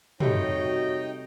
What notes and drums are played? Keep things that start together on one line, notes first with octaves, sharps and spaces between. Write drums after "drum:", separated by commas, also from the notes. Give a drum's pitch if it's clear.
C3 G3 A3 D#4 F#4 C#5 D#5 G5, drum: tom